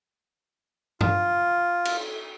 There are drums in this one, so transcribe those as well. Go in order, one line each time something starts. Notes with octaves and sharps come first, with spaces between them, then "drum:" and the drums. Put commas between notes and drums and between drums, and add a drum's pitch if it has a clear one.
F4, drum: tom G2
drum: cymbal